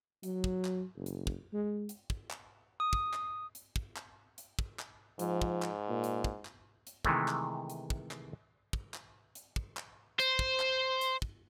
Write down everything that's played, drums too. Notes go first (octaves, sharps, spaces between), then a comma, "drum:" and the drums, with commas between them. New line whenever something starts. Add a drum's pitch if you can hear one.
F#3, drum: hi-hat
drum: kick
drum: clap
F#1
drum: hi-hat
drum: kick
G#3
drum: hi-hat
drum: kick
drum: clap
D#6
drum: kick
drum: clap
drum: hi-hat
drum: kick
drum: clap
drum: hi-hat
drum: kick
drum: clap
G#2 F3, drum: hi-hat
drum: kick
drum: clap
A#2
drum: hi-hat
drum: kick
drum: clap
drum: hi-hat
C3 D#3 E3 G#3 A3, drum: kick
drum: clap
drum: hi-hat
drum: kick
drum: clap
drum: kick
drum: clap
drum: hi-hat
drum: kick
drum: clap
C5, drum: hi-hat
drum: kick
drum: clap
drum: hi-hat
drum: kick